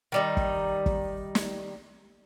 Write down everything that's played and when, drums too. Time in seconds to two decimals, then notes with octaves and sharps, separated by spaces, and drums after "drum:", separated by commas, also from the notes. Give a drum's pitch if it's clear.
0.12 D#3 G3 D#4
0.37 drum: kick
0.86 drum: kick
1.35 drum: snare